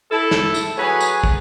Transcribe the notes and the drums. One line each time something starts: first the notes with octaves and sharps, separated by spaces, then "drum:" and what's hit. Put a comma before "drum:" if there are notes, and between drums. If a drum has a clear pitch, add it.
E4 A4
drum: snare
drum: tambourine
F#3 G#4 B4 C#5 G#5
drum: tambourine
drum: kick